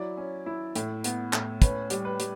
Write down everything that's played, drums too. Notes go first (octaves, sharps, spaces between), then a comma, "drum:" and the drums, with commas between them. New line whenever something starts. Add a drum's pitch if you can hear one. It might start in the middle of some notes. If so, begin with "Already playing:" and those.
Already playing: F#3 E4 D5
C#4
E4
A2, drum: hi-hat
B3, drum: hi-hat
A2, drum: clap
C#4 B4, drum: kick, hi-hat
G3, drum: hi-hat
B4
G3, drum: hi-hat